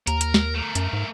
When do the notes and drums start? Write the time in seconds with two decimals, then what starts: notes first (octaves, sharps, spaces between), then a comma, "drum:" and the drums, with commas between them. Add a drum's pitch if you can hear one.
0.07 D#2 A#4, drum: hi-hat
0.21 drum: hi-hat
0.34 drum: snare
0.55 A3 A#4
0.75 F#2, drum: hi-hat
0.93 G#2